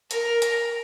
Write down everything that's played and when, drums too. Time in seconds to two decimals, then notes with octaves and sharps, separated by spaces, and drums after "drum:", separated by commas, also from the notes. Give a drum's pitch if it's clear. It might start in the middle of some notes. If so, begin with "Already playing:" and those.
0.11 A#4, drum: hi-hat
0.42 drum: hi-hat